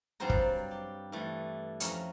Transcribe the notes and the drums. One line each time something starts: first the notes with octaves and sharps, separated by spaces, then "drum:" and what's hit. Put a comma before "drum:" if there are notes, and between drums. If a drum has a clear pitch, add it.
G2 F#3 C4 F4 C5 A#5
drum: kick
G4
G2 E3 A3
F2 C#4 A#5, drum: hi-hat